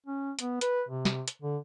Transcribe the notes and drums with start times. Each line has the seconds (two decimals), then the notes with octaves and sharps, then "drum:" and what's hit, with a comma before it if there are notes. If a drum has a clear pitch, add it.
0.06 C#4
0.39 B3, drum: hi-hat
0.61 B4, drum: hi-hat
0.89 C3
1.05 drum: snare
1.28 drum: hi-hat
1.42 D3